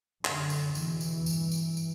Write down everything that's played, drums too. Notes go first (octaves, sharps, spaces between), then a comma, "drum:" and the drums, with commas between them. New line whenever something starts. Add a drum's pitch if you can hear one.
F#2 D3, drum: clap
drum: tambourine
E2 B2 E3, drum: tambourine
drum: tambourine
G2, drum: tambourine
drum: tambourine
drum: tambourine